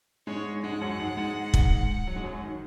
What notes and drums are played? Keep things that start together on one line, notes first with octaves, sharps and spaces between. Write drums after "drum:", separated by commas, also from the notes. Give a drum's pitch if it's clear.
G#2 G#3 C#5
G#2 G#3 F#5
F#2 F#3
G#2 G#3
G#2 G#3
drum: kick
F#3
G#3
F#2 F#3
D#3